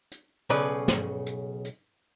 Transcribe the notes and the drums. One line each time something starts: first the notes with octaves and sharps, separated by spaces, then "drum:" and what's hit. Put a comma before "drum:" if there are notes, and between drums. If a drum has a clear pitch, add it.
drum: hi-hat
B1 C#3 C#4 B4 D5, drum: hi-hat
drum: snare
drum: hi-hat
drum: hi-hat